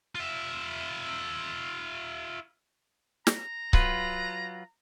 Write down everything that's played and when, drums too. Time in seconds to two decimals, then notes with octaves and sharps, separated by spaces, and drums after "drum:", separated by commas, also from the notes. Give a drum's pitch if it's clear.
0.15 F4 E5
3.27 A#5, drum: snare
3.73 F#3 F4 B4, drum: kick C#1